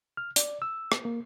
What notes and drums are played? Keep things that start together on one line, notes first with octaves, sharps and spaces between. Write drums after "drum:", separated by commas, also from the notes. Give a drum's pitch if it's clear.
F6
D5, drum: hi-hat
E6
drum: rim click
A#3